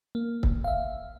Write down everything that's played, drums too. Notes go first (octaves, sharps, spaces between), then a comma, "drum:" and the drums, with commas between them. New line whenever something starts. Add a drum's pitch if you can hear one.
A#3
drum: kick
E5 F5